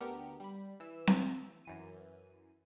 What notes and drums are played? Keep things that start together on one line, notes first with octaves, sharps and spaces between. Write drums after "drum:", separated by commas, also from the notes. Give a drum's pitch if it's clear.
D2 D3 B3 G4 A#4 C#7
G3 B5
E3 E6
drum: snare C4
F#2 E3 D#7